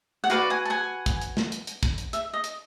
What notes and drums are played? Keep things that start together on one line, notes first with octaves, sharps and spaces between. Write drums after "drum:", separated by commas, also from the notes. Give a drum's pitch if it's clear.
F#5
F#4 B4 D5 F5 G5, drum: hi-hat
F#5 G#5
A5
F#5 G#5
drum: kick, hi-hat
drum: hi-hat
drum: snare
drum: hi-hat
drum: hi-hat
drum: kick, hi-hat
drum: hi-hat
E5, drum: hi-hat
D#5
drum: hi-hat